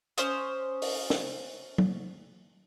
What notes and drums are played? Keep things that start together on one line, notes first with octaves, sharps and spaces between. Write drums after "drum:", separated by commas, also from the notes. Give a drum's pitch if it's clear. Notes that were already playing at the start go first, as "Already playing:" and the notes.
C#4 C5 D#6, drum: hi-hat
drum: open hi-hat
drum: snare
drum: tom